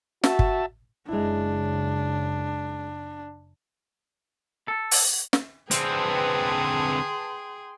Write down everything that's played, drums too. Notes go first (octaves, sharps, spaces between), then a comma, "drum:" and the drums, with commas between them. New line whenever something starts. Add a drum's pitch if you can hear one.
F#4 E5 A5, drum: snare
drum: kick
F#1 C#3 G#3 D4 E4
A4
drum: open hi-hat
drum: snare
D3 C4 G#4 B4 G5 A5 C6, drum: hi-hat